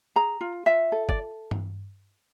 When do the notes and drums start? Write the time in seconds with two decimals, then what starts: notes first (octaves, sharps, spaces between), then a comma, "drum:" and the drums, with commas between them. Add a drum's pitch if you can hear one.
0.16 G#4 A#5
0.41 F4
0.66 F4 E5
0.92 A4
1.09 D5, drum: kick
1.51 drum: tom G2